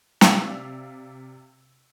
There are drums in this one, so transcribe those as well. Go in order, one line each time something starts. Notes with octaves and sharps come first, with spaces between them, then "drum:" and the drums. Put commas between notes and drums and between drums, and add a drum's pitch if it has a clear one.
C3 D5 E5 F5 E6 F7, drum: snare